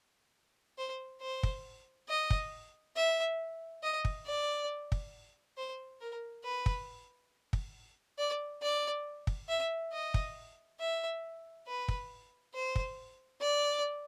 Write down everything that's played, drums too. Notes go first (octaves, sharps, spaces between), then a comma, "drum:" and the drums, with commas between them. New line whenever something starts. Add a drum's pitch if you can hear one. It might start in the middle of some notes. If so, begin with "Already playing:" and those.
C5
C5
drum: kick
D#5
drum: kick
E5
D#5
drum: kick
D5
drum: kick
C5
A#4
B4
drum: kick
drum: kick
D5
D5
drum: kick
E5
D#5
drum: kick
E5
B4
drum: kick
C5
drum: kick
D5